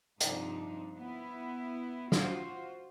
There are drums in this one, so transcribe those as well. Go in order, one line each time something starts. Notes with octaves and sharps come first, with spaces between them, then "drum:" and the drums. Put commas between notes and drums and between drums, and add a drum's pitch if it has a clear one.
G2 C3 F3 D4 D#4, drum: hi-hat
B3 E4
F4 F#4 C5, drum: snare